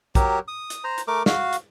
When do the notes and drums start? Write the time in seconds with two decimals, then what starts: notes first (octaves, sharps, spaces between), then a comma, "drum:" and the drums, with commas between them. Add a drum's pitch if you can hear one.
0.15 F#3 G4 A#4, drum: kick, hi-hat
0.48 D#6
0.70 drum: hi-hat
0.84 C5 A#5
0.98 drum: hi-hat
1.08 A3 A#4 D6
1.26 F#4 F5, drum: snare
1.53 drum: hi-hat